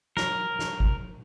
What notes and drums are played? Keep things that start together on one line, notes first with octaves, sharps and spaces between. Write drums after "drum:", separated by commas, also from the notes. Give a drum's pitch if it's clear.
A#4, drum: snare
drum: snare
drum: kick